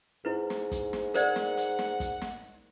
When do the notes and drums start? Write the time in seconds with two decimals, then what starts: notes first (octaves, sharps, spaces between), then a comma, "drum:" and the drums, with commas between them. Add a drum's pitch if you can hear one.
0.25 G#2 E4 B4
0.50 drum: snare
0.72 drum: kick, hi-hat
0.93 drum: snare
1.14 A#4 C5 D5 F#5, drum: hi-hat
1.36 drum: snare
1.57 drum: hi-hat
1.79 drum: snare
2.00 drum: kick, hi-hat
2.21 drum: snare